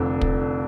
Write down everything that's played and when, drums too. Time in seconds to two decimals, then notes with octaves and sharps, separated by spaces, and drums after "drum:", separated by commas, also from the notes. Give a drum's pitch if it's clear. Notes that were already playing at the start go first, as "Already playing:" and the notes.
Already playing: F1 F2 D3 D4
0.21 drum: kick